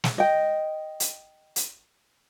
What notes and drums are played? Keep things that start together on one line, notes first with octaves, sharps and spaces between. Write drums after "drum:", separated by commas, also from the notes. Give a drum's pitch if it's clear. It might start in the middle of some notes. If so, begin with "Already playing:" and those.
drum: snare
D#5 G5
drum: hi-hat
drum: hi-hat